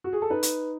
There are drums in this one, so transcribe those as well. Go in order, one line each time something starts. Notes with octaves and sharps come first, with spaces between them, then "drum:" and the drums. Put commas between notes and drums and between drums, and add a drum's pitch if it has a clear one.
F#4
G#4
A4
D#4 B4
drum: hi-hat